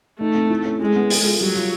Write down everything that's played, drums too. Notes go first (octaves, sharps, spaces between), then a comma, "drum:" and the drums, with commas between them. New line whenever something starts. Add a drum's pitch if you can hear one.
A3 D#4
C4
E4
C#4
G#3 E4
B3
A4, drum: open hi-hat
F4
F#3 G3
F4